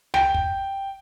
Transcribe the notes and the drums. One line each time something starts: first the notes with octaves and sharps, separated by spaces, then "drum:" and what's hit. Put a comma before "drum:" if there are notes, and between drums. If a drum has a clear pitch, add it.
G5, drum: snare
drum: kick